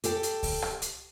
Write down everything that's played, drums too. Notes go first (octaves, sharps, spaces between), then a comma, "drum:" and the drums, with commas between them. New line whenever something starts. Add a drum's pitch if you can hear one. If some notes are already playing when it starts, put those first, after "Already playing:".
G4 A4 G5, drum: hi-hat
drum: hi-hat
drum: kick C#2, open hi-hat
drum: rim click
drum: hi-hat